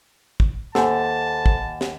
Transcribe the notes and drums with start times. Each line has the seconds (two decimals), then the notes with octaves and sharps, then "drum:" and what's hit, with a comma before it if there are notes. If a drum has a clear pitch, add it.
0.40 drum: kick
0.75 D#2 A4 C5 F#5 G#5 A5, drum: snare
1.46 drum: kick
1.81 drum: snare